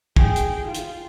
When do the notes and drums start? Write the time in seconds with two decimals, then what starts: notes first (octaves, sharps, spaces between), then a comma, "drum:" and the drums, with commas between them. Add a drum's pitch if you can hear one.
0.16 G#4 G5, drum: kick
0.36 drum: hi-hat
0.65 F4
0.74 drum: hi-hat